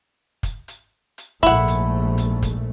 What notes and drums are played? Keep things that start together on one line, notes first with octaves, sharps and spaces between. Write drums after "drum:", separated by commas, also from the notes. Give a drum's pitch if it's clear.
drum: kick, hi-hat
drum: hi-hat
drum: hi-hat
A#1 G#2 A3 E4 F#5, drum: kick, hi-hat
drum: hi-hat
drum: hi-hat
drum: kick, hi-hat